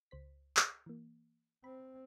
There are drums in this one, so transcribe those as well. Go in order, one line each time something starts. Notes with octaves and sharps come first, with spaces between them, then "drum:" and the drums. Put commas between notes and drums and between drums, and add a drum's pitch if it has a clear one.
C#2 C5 B6
drum: clap
E3 A#3
C4 B5